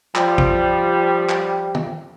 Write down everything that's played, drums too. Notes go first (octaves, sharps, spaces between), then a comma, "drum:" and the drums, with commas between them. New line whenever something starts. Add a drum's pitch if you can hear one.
F3 G3, drum: clap
drum: kick
drum: clap
drum: tom